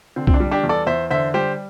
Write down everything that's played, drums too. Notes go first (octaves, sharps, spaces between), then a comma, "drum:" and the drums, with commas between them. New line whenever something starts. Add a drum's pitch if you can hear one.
D3 C4
C4, drum: kick
D4
G3
D4 G4
E2
A4 D5
E2 C5 E5
D3 C5 E5
G3 G4 C5